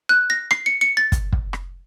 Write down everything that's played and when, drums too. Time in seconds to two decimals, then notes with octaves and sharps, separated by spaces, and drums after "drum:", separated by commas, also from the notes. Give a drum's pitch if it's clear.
0.09 F#6
0.30 A#6
0.51 C7, drum: rim click
0.66 C#7
0.81 C#7
0.97 A6
1.12 drum: kick, hi-hat
1.33 drum: kick
1.53 drum: rim click